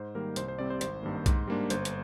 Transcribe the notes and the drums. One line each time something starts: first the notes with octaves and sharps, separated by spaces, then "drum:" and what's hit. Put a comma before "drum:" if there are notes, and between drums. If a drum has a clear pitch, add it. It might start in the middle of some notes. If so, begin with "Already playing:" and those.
Already playing: G#2 C5
D#3 G3 A#3 A#4
C2 C5, drum: hi-hat
C5
C3 G3 C4 D5
C5
G#1 C5, drum: hi-hat
G2 D#3 A#3
G#2, drum: kick B1, hi-hat
G3 A#3 D4
G1 C5, drum: hi-hat
drum: hi-hat